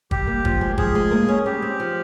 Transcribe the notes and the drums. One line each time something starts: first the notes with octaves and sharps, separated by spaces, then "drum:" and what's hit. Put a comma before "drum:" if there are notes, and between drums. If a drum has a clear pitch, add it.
G3 G4, drum: kick
A#3
F3, drum: kick
G#3
F3 G#4, drum: kick
G#3
A#3
C#4
G3 G4
C4
F3